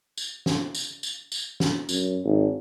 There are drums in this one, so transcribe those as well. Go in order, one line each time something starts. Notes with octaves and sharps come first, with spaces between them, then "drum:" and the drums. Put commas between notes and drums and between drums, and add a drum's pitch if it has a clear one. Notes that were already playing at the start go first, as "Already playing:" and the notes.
drum: tambourine
drum: snare
drum: tambourine
drum: tambourine
drum: tambourine
drum: snare
F#2, drum: tambourine
G#1